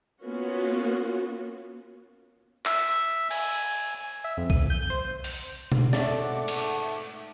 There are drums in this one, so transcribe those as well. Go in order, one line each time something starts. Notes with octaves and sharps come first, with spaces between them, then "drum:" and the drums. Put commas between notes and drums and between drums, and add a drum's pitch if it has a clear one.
A#3 B3 C#4 F4 F#4
E5, drum: clap
G#5, drum: cymbal
E5
F2
D#7, drum: kick A#1
G6
C5
drum: open hi-hat
drum: tom B2
G#2 A3 D5 E5 F#5 D6, drum: snare
drum: cymbal